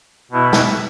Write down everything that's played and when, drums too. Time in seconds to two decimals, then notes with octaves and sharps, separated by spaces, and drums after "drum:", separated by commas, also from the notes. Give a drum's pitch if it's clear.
0.31 B2 B3 E4
0.53 drum: snare